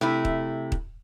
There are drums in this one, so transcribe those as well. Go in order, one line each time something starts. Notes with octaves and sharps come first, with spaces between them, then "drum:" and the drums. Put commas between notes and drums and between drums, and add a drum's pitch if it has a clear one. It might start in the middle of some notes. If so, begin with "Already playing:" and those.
C3 A3 E4
drum: kick
drum: kick